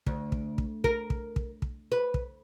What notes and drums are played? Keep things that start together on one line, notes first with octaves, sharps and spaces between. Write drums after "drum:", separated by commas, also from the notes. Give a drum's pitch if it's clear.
D2, drum: kick
drum: kick
drum: kick
A#4, drum: kick
drum: kick
drum: kick
drum: kick
B4
drum: kick